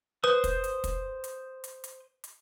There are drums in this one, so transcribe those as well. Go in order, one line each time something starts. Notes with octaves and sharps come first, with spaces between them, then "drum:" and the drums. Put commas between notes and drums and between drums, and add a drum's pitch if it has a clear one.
B4 C5 D#6
drum: kick, hi-hat
drum: hi-hat
drum: kick, hi-hat
drum: hi-hat
drum: hi-hat
drum: hi-hat
drum: hi-hat